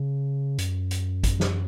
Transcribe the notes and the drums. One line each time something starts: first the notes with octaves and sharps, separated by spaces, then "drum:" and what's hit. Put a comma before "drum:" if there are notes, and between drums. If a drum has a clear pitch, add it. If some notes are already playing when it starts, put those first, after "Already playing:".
Already playing: C#3
F#2, drum: hi-hat
drum: hi-hat
drum: kick G#1, hi-hat
drum: snare